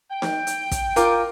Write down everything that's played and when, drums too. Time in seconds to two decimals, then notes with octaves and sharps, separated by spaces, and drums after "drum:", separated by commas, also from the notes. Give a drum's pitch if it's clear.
0.11 G5
0.22 drum: snare D#4
0.47 drum: hi-hat
0.71 drum: kick, hi-hat
0.96 F4 A#4 D6, drum: hi-hat